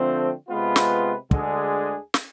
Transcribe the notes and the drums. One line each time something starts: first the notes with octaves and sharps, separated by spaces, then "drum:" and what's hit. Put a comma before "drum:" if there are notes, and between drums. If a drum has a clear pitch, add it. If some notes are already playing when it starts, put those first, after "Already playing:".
Already playing: D3 F3 A3 C4
C3 G#3 B3 F4 B4
drum: snare
D2 D3 G#3 D4 G#4, drum: kick
drum: snare